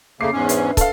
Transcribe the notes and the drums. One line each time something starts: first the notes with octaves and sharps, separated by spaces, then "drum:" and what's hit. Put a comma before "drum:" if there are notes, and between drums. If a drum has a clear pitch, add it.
C#3 A3 A#3 D6 C7
E2 G#2 C#4
D4 B4 E5, drum: hi-hat
A4 F5, drum: kick, hi-hat